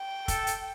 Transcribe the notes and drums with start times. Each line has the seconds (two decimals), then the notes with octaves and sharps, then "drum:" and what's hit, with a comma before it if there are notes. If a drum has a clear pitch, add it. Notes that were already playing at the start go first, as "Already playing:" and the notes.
Already playing: G5
0.28 A4, drum: kick, hi-hat
0.47 drum: hi-hat